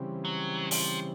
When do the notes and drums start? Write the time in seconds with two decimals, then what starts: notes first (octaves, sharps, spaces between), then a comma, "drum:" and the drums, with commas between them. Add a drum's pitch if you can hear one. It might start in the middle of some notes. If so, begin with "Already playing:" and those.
Already playing: C#3 E3 G3 C4
0.25 F#3
0.71 F3, drum: open hi-hat